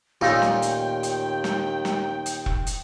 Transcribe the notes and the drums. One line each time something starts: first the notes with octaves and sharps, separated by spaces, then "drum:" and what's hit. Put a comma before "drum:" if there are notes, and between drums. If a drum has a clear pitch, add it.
D#2 A#2 A3 C#4 D#4 F4 G5
drum: snare
drum: hi-hat
drum: hi-hat
drum: snare
drum: snare
drum: hi-hat
drum: kick E1
drum: hi-hat